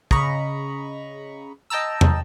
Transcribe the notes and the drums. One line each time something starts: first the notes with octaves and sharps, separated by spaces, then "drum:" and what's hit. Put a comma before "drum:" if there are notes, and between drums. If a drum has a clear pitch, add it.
C#3 D#5 A#5 B5 C#6, drum: kick
D#5 G5 A5 A#5 E6
drum: tom